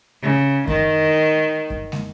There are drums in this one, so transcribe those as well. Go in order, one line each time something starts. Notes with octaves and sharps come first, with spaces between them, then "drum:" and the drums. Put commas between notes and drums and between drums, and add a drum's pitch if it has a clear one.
C#3
D#3, drum: kick F#2
drum: kick F#2
drum: snare